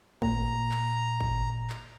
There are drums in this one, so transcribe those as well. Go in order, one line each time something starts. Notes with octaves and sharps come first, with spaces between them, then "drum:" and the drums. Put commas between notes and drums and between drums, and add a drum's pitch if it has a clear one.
A#2 A#5, drum: kick G#1
drum: clap
drum: kick G#1
drum: clap